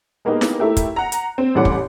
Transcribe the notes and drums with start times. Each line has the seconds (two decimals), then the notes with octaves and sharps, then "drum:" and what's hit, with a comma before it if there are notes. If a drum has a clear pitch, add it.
0.25 G#3 A#3 B3 D#4 G4
0.41 drum: snare E4
0.59 A3 E4 G4 A#4
0.77 drum: kick, hi-hat
0.96 F#5 A#5
1.12 drum: hi-hat
1.38 C4
1.55 A1 A2 G3 C#4 F#5 D6
1.65 drum: kick